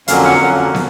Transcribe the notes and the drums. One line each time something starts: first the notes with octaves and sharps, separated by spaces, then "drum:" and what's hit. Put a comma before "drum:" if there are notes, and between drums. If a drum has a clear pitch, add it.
F2 D3 F#3 A#3 C#4 F5, drum: hi-hat
F#5
F2 D3 F#3 A#3 C#4
drum: snare